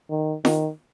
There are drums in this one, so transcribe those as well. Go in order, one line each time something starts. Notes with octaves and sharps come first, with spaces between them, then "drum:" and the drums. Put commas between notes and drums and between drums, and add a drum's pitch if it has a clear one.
D#3
D#3, drum: snare